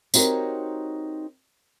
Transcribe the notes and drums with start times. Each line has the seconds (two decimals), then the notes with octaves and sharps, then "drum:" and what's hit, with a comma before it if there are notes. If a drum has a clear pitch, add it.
0.14 C4 D#4 F#4 G4 A#4 C#5, drum: tambourine